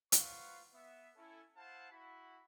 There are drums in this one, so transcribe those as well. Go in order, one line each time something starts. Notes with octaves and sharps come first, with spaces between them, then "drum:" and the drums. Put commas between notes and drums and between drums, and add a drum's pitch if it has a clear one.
F4 B4 C5 F5 F#5 C#6, drum: hi-hat
B3 E5
C#4 E4 A4
E4 C5 F5 F#5 A5
E4 F#4 B5